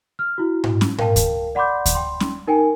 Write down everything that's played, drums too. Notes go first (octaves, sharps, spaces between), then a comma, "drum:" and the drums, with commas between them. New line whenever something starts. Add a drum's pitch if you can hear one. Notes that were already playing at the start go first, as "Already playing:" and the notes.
F6
E4 F#4
drum: tom G#2
drum: snare C#4
A#4 F5 G5 A5, drum: tom G#2
drum: kick D2, hi-hat
D5 F#5 B5 C6 D6 G6
drum: kick D2, hi-hat
G5 C6
drum: snare C#4
D#4 A#4 G5 G#5